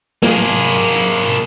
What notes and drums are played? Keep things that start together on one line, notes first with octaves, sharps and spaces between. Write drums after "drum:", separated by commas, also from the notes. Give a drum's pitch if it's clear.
A#3 G#4, drum: snare
drum: hi-hat